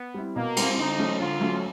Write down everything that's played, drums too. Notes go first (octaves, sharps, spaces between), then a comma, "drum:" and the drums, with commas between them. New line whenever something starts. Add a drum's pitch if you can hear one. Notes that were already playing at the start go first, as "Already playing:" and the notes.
Already playing: B3
G3 C4 E4
B2 A#3
G3 C4 E4, drum: cymbal
D3 D#4
F#3 A3 C#4
D3 F4
F#3 A3 C#4